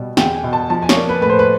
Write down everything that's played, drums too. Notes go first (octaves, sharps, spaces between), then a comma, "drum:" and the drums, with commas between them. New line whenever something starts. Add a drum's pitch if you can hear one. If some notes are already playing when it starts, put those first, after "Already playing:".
Already playing: B2 G3
E2 G5, drum: snare
G#5
B2
A5
F3 A5
G#5
C#5, drum: snare
A#3 D5
B4
A2 B4
C5
B4